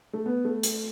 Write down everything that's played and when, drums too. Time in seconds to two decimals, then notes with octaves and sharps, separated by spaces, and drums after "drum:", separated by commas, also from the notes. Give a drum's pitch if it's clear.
0.13 A3
0.26 B3
0.45 A3
0.63 drum: hi-hat